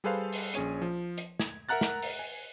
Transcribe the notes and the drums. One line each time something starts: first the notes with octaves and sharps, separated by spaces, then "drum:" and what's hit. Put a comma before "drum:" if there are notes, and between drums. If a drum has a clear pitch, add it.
G3 G#4 A4 B4 C5 F5
drum: open hi-hat
A#1 C#4 G#4 C#5 D#7, drum: hi-hat
F3
drum: hi-hat
G#6, drum: snare
A#4 E5 F#5 A#5 F#6 A6
drum: snare
drum: open hi-hat
G#5